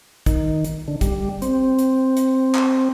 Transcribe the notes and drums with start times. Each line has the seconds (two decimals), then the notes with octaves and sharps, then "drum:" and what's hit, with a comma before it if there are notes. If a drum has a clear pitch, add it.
0.26 D#3, drum: kick, hi-hat
0.64 drum: hi-hat
0.88 D3
1.01 G3, drum: kick, hi-hat
1.42 C4, drum: hi-hat
1.79 drum: hi-hat
2.17 drum: hi-hat
2.55 drum: clap